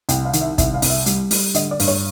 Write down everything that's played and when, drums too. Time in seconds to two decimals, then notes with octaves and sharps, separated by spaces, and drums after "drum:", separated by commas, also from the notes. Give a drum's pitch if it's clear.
0.09 C2 G5, drum: hi-hat
0.25 F5
0.33 D#3, drum: hi-hat
0.41 E5
0.58 C2 E5, drum: kick, hi-hat
0.74 F5
0.82 C2, drum: open hi-hat
0.90 E5
1.06 G3, drum: hi-hat
1.31 G3, drum: open hi-hat
1.54 D3 D#5, drum: hi-hat
1.71 D5
1.80 G2, drum: open hi-hat
1.88 C#5